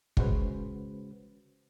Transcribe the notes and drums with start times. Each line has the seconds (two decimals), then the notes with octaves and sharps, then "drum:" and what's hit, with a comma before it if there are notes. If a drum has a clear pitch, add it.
0.17 C#3 G#3 C#4 F#4 B4 C5, drum: kick